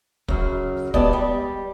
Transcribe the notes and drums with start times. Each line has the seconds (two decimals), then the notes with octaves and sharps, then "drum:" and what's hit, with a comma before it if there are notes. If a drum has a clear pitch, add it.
0.28 F#2 C#3, drum: kick
0.94 G#3 B3 G4 D5 D#5 A5, drum: kick
1.13 G3